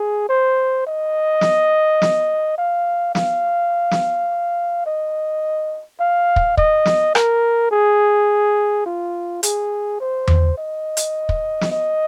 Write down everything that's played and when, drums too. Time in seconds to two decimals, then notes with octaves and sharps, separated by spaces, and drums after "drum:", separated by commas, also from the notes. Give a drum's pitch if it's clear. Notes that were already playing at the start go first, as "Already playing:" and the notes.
Already playing: G#4
0.29 C5
0.87 D#5
1.41 drum: snare
2.02 drum: snare
2.58 F5
3.15 F5, drum: snare
3.91 drum: snare
4.86 D#5
6.00 F5
6.36 drum: kick
6.57 D#5, drum: kick
6.85 drum: snare
7.15 A#4, drum: rim click
7.71 G#4
8.86 F4
9.43 G#4, drum: hi-hat
10.01 C5
10.28 drum: tom E2
10.58 D#5
10.97 drum: hi-hat
11.29 drum: kick
11.61 drum: snare
11.71 D#5